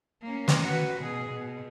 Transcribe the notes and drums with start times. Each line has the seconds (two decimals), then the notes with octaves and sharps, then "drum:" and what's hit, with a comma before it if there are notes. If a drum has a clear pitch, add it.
0.23 A#3 C#4
0.48 drum: snare
0.64 F#4 B4
1.01 B2 G#4
1.30 B2